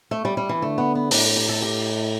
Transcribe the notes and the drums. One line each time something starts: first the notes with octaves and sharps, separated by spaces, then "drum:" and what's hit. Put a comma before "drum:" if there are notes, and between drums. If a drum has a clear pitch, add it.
A3
G3
G3
E3
D3 A3
B3
B3
A2 D4, drum: open hi-hat
G4
A4
G4